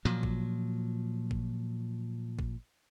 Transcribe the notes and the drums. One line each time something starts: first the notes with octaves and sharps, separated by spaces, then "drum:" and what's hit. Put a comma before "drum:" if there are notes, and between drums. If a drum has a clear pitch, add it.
A#2 F3 F#3
drum: kick
drum: kick
drum: kick